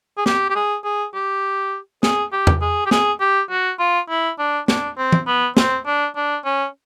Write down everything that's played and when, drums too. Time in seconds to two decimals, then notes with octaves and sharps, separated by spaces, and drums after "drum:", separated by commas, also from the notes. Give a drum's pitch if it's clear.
0.18 G#4
0.26 G4, drum: snare
0.50 G4
0.56 G#4
0.84 G#4
1.14 G4
2.03 G#4, drum: snare
2.32 G4
2.47 drum: tom E2
2.61 G#4
2.86 G4
2.91 G#4, drum: snare
3.20 G4
3.50 F#4
3.79 F4
4.09 E4
4.39 D4
4.68 D4, drum: snare
4.98 C4
5.12 drum: tom
5.27 B3
5.57 C4, drum: snare
5.86 D4
6.16 D4
6.45 C#4